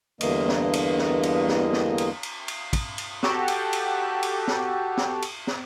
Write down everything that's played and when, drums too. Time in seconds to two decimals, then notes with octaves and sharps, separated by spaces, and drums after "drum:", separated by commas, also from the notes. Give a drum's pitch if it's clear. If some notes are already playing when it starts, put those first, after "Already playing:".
0.21 E2 G2 D3 E3 A#3 D#5, drum: cymbal
0.48 drum: snare
0.73 drum: cymbal
0.98 drum: snare
1.23 drum: cymbal
1.48 drum: snare
1.73 drum: snare
1.98 drum: cymbal
2.23 drum: cymbal
2.48 drum: cymbal
2.73 drum: kick, cymbal
2.98 drum: cymbal
3.23 F#4 G4 A4, drum: snare
3.48 drum: cymbal
3.73 drum: cymbal
4.23 drum: cymbal
4.48 drum: snare
4.97 drum: snare
5.22 drum: cymbal
5.47 drum: snare